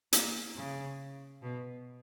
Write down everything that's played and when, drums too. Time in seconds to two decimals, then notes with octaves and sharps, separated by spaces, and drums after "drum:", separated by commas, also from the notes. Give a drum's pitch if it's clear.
0.13 A#3, drum: hi-hat
0.56 C#3
1.43 B2